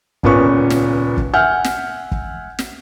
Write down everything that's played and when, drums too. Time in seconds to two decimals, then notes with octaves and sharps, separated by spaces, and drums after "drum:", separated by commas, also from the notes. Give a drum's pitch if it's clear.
0.23 D#1 C#2 A#2 B3 C#4 C#6, drum: kick
0.70 drum: snare
1.17 drum: kick
1.34 E5 F#5 G#5 F6 G6
1.64 drum: snare
2.12 drum: kick
2.59 drum: snare